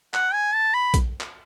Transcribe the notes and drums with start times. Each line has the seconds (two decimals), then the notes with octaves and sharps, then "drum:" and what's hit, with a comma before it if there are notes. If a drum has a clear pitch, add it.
0.14 F#5, drum: clap
0.33 G#5
0.54 A5
0.74 B5
0.94 drum: kick A#1, hi-hat
1.21 drum: clap